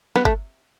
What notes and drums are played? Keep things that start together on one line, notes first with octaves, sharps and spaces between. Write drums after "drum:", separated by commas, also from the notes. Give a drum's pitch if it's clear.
B3, drum: snare
A3, drum: kick G1